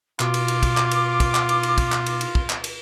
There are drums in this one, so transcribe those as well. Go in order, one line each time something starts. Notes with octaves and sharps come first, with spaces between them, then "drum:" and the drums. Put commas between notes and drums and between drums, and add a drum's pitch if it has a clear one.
B2 F4 D6, drum: clap
drum: cymbal
drum: cymbal
drum: kick, cymbal
drum: clap
drum: cymbal
drum: kick, cymbal
drum: clap
drum: cymbal
drum: cymbal
drum: kick, cymbal
drum: clap
drum: cymbal
drum: cymbal
drum: kick
drum: clap
drum: cymbal